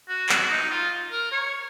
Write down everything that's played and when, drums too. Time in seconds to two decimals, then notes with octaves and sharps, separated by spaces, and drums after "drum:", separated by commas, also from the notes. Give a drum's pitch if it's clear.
0.09 F#4
0.29 F#4, drum: clap
0.50 D#4
0.71 F4
1.11 A#4
1.32 C#5